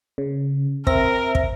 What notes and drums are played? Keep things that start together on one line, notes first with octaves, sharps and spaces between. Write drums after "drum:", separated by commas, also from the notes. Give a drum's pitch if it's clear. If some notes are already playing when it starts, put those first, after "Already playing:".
C#3
C4 A#4 E5 A#6, drum: kick
drum: kick